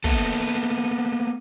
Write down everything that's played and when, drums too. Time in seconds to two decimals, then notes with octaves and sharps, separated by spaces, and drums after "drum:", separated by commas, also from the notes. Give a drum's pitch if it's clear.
0.04 A#3 B3 A4, drum: kick